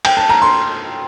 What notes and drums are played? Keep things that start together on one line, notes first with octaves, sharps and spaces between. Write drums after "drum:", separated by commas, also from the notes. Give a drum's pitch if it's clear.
G5, drum: cymbal
A5
A#5
C6